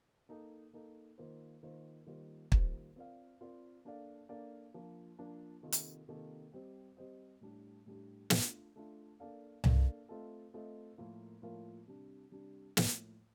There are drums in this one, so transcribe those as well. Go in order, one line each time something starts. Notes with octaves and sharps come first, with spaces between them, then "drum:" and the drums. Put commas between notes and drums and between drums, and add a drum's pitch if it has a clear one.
A#3 D#4 A4
A#3 D#4 A4
D#3 A#3 F4 C5
D#3 A#3 F4 C5
D#3 G3 A#3 F4 C5
D#3 G3 A#3 F4 C5, drum: kick
C4 F4 A#4 D5 F5
C4 F4 A#4 D5 F5
A#3 D4 A4 D5 F5
A#3 D4 A4 D5 F5
F3 A#3 D4
F3 A#3 D4
C3 D#3 A#3 F4 A4
drum: hi-hat
C3 D#3 A#3 F4 A4
G3 C4 G4 C5 D#5
G3 C4 G4 C5 D#5
A2 G3 D4 G4
A2 G3 D4 G4
A3 D4 F4, drum: snare
A3 D4 F4
A#3 D4 A4 D5 F5
A#3 D4 A4 D5 F5, drum: tom C2
A3 C4 F4 A4 D#5
A3 C4 F4 A4 D#5
A2 F3 A#3 F4 A#4
A2 F3 A#3 F4 A#4
C3 G3 D4
C3 G3 D4
A2 F3 A#3, drum: snare